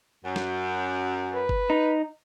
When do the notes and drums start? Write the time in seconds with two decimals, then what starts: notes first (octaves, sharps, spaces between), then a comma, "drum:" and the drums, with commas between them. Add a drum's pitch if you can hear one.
0.24 F#2
0.36 drum: snare
1.33 B4
1.49 drum: kick G1
1.70 D#4